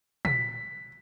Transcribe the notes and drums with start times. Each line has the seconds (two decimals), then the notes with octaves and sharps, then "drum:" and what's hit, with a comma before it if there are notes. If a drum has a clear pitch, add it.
0.25 B6, drum: tom